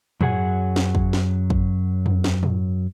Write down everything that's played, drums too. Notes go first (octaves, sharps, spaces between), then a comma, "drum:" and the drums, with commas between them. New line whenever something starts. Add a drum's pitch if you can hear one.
F#2 F#3 G#4 F#5 G#5, drum: tom
drum: snare
drum: kick
drum: snare
drum: kick
drum: tom
drum: snare
drum: tom